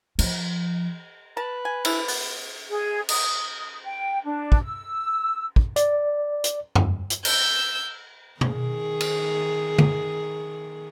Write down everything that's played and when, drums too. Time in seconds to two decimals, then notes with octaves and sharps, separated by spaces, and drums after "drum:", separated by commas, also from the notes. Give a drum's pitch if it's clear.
0.19 F3, drum: cymbal
1.37 B4 A5
1.65 G#5
1.85 D4 E4 G#4, drum: cymbal
2.08 B3, drum: open hi-hat
2.69 G#4
3.09 D#6, drum: cymbal
3.84 G5
4.24 D4
4.52 drum: kick
4.63 E6
5.56 drum: kick
5.76 D5, drum: hi-hat
6.44 drum: hi-hat
6.75 drum: tom F2
7.10 drum: hi-hat
7.25 E6 G6, drum: cymbal
8.41 D#3 G#4, drum: tom B2
9.00 drum: cymbal
9.78 drum: tom D3